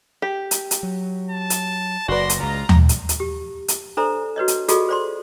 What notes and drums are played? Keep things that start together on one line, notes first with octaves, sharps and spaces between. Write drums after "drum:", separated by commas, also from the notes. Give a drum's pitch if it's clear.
G4
drum: hi-hat
drum: hi-hat
F#3
A5
drum: hi-hat
F#1 F#4 B4 D5 C6 A#6
drum: hi-hat
C#2 C#3 F4 A#5
drum: tom D#2
drum: hi-hat
drum: hi-hat
G4
drum: hi-hat
D4 A4 C5 D5 E5 A#5
F#4 B4 C#5 D#5
drum: hi-hat
F4 F#4 G#4 A4 D5 D#5, drum: hi-hat
C5 D5 C6